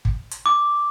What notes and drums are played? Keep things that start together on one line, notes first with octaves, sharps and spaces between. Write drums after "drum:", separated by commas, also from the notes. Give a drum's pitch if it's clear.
drum: kick
drum: hi-hat
D6